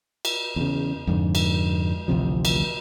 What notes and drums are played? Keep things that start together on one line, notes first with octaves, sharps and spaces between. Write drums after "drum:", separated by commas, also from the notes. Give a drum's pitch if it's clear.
drum: cymbal
E2 C#3
F2 G#2 D3
drum: cymbal
A1 D2 C3 F3
drum: cymbal